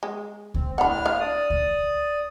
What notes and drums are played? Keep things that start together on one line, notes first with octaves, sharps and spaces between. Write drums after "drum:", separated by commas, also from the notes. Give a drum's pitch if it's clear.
G#3
C4, drum: kick C#2
A2 D4 F#5 B5 F6
F5
D5 D#6
drum: kick C#2